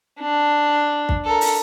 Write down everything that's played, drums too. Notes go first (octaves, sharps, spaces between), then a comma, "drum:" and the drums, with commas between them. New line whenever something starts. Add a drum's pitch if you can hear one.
D4
drum: kick
A4 A#4
drum: open hi-hat